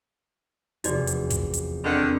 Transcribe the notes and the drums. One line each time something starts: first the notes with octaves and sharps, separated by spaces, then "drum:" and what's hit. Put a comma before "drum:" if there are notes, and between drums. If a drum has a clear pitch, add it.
F1 E2 D#4 F#4 D5, drum: hi-hat
drum: hi-hat
drum: kick, hi-hat
drum: hi-hat
D3 D#3 C4 D4